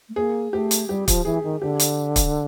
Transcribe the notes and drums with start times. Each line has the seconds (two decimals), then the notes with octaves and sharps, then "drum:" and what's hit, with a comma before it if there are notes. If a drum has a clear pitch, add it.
0.09 A3
0.16 A#3 G#4
0.52 A3 G4
0.71 drum: hi-hat
0.89 G3 G4
1.08 F3, drum: kick, hi-hat
1.25 E3 G#4
1.43 D#3
1.61 D3 G4
1.80 drum: hi-hat
2.16 drum: kick, hi-hat